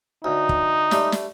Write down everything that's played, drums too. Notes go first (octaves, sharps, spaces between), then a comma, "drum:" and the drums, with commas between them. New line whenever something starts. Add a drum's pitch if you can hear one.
D2 D#4
drum: kick
G3 A3, drum: snare
drum: snare